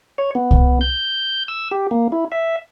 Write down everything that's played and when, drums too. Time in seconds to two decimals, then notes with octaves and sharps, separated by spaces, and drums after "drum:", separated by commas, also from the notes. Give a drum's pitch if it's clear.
0.18 C#5
0.35 B3
0.51 drum: kick C2
0.81 G6
1.48 E6
1.71 G4
1.91 A#3
2.12 E4
2.32 E5